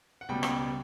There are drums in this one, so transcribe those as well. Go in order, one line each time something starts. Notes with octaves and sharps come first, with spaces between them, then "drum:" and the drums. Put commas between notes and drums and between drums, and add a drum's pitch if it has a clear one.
F#5
C#2 B2 G3 G5
drum: rim click